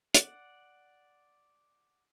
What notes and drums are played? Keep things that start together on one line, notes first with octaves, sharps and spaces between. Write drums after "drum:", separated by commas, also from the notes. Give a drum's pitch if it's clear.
D5 F#5, drum: hi-hat